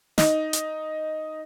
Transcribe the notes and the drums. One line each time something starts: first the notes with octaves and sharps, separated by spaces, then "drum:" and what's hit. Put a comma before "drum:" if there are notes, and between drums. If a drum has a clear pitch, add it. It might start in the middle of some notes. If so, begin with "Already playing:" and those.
D#4, drum: snare
drum: hi-hat